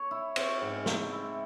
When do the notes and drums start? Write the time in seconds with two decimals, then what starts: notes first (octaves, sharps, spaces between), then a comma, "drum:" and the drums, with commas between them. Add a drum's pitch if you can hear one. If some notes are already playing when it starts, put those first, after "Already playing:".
Already playing: C#5
0.11 E4
0.36 C4 C#5, drum: cymbal
0.61 G#2
0.86 C4, drum: snare
1.12 E4